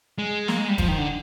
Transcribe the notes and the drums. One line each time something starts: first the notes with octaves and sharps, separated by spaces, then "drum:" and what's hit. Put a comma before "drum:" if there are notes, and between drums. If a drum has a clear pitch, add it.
G#3
A#3, drum: snare
G#3
G3
F3, drum: kick E1, hi-hat
D#3
D3